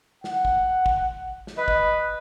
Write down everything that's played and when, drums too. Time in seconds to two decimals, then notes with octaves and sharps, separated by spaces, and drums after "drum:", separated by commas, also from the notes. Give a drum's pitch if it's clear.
0.24 F#5, drum: snare
0.45 drum: kick
0.86 drum: kick
1.47 drum: snare
1.57 B4 D#5
1.68 drum: kick